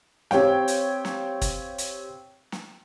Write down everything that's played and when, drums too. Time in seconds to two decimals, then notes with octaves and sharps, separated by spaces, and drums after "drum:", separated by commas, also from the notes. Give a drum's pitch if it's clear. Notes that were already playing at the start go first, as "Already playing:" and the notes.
0.31 C4 G4 C#5 F5 G5, drum: snare
0.68 drum: hi-hat
1.05 drum: snare
1.42 drum: kick, hi-hat
1.78 drum: hi-hat
2.52 drum: snare